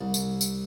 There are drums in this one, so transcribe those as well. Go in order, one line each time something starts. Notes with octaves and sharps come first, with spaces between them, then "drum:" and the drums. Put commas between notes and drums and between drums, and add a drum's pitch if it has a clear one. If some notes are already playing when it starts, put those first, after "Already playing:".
C2
drum: tambourine
drum: tambourine